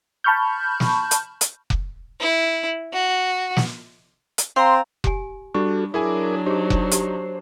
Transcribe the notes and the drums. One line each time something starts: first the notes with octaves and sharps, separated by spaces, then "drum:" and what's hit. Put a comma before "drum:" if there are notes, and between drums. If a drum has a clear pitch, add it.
A5 B5 C#6 F6 G6
drum: snare
drum: hi-hat
drum: hi-hat
drum: kick F1
E4
F#4
drum: snare
drum: hi-hat
C4 F5 A#5 C6
G4 G#5, drum: kick F1
G3 D4 F#4 A4 C#6
F#3 D4 E4 G#4 A#4 G#5 D6
D#4 G4 G#4 C5
drum: kick F1
G4, drum: hi-hat